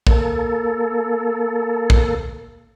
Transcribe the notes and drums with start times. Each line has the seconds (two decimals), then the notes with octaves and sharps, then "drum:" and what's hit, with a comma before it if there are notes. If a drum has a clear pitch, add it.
0.07 A#3 A4, drum: kick
1.90 drum: kick